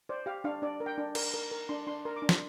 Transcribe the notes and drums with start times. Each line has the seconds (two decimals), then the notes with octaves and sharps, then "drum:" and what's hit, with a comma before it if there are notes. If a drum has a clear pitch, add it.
0.09 C5 D5
0.26 G4 F5
0.44 D4 F5
0.62 D4 D5
0.80 A#4
0.86 G5
0.98 D4
1.15 A#4, drum: cymbal
1.34 A#4
1.51 A#4
1.69 D4 C6
1.87 D4 C6
2.05 A#4 C6
2.16 D6
2.22 D4
2.29 C6, drum: snare